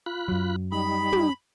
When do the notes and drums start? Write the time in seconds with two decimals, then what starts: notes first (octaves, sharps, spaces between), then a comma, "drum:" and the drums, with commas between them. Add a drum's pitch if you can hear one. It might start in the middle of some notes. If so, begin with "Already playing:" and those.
0.06 F4 B5 F#6
0.28 F#2 F#3
0.72 G3 D#4 B5
1.13 drum: tom